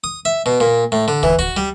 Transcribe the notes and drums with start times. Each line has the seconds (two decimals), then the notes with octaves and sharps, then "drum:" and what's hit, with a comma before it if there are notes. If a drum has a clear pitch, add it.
0.04 D#6
0.25 E5
0.46 B2
0.60 A#2
0.92 A2
1.08 D3
1.23 E3, drum: kick
1.39 F#4, drum: kick
1.57 G3